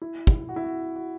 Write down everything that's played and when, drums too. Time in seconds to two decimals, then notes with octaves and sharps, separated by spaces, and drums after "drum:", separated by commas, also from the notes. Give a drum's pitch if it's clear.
0.02 E4
0.27 drum: kick
0.49 F#4
0.56 E4
0.64 F#4
0.96 F#4